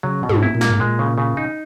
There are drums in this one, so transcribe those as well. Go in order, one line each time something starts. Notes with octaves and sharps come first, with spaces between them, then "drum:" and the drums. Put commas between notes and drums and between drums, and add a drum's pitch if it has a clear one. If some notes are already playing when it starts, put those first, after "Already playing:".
C#3 F#3
B2
G#2, drum: tom
E4
A#2
A#3, drum: snare
G#2
A#2 G#3
C#3
C#3
D#4